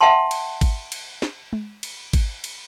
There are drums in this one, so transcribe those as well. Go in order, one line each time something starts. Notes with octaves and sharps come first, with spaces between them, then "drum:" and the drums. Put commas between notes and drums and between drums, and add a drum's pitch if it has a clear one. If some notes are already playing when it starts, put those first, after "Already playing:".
E5 F#5 G5 A5 C6
drum: cymbal
drum: kick G#1, cymbal
drum: cymbal
drum: snare
drum: tom G#3
drum: cymbal
drum: kick G#1, cymbal
drum: cymbal